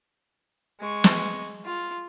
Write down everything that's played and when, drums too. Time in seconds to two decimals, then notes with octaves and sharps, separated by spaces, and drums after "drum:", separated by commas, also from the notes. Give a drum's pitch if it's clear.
0.81 G#3 C#6
1.04 drum: snare
1.65 F4